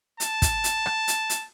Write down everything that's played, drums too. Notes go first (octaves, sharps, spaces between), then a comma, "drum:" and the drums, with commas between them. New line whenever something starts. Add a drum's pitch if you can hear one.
A5, drum: hi-hat
drum: kick, hi-hat
drum: hi-hat
drum: rim click
drum: hi-hat
drum: hi-hat